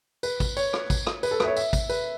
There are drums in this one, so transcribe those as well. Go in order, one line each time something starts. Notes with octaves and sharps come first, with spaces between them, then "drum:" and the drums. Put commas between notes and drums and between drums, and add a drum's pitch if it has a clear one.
B4, drum: tambourine
drum: kick A1, tambourine
C#5, drum: tambourine
drum: rim click
drum: kick A1, tambourine
drum: rim click
B4, drum: tambourine
A4
B4, drum: rim click
E5
C#5
E5, drum: tambourine
drum: kick A1, tambourine
B4, drum: tambourine